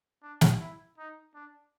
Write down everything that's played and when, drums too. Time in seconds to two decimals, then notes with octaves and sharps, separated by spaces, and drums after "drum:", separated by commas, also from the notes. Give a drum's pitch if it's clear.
0.22 D4
0.41 drum: snare
0.59 E4
0.98 D#4
1.34 D4